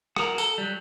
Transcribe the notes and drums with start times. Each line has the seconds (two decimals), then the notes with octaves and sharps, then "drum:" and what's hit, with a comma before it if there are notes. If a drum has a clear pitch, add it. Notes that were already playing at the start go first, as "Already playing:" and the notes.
0.16 F#4 A#4, drum: rim click
0.38 A4, drum: tambourine
0.58 F#3 G3